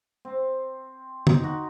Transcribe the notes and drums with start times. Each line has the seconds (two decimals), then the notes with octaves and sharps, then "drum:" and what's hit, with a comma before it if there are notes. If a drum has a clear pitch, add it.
0.25 C4
1.27 D#4, drum: tom D3
1.44 F#4